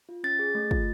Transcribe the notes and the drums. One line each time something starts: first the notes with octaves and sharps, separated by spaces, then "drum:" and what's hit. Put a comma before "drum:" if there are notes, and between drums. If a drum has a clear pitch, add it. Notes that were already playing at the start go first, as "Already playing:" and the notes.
F4
C#4 A6
G#4
A3
F4, drum: kick